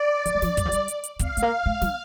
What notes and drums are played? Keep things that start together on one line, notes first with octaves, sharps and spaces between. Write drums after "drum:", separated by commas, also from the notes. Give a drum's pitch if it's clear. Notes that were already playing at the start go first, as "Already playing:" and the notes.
Already playing: D5
E3, drum: hi-hat
G3
F3, drum: snare
G3, drum: kick, hi-hat
F3
G3, drum: hi-hat
drum: hi-hat
drum: hi-hat
C4 F5, drum: kick, hi-hat
A3, drum: hi-hat
A#3
A3
G3, drum: snare